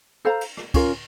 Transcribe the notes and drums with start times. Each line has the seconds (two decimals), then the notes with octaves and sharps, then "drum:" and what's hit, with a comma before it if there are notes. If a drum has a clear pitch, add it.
0.25 A4 C5 F5 A#5
0.41 drum: cymbal
0.57 drum: rim click
0.74 C#4 F4 A#4, drum: kick, cymbal